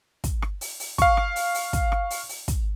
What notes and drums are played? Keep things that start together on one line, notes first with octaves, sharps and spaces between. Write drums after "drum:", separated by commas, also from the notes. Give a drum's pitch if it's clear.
drum: kick, hi-hat
drum: rim click
drum: open hi-hat
drum: open hi-hat
F5 C#6, drum: kick, hi-hat
drum: rim click
drum: open hi-hat
drum: open hi-hat
drum: kick, hi-hat
drum: rim click
drum: open hi-hat
drum: open hi-hat
drum: kick, hi-hat